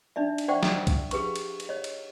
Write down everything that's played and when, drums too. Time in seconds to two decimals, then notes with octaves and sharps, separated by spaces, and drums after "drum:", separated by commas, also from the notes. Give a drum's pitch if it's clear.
0.16 D4 D#4 D5 E5
0.38 drum: cymbal
0.48 C5 D5 E5 F#5 G5 C#6
0.63 drum: snare
0.87 drum: kick B1, cymbal
1.11 G4 G#4 B4 C#6, drum: cymbal
1.36 drum: cymbal
1.60 drum: cymbal
1.69 C#5 D#5
1.84 drum: cymbal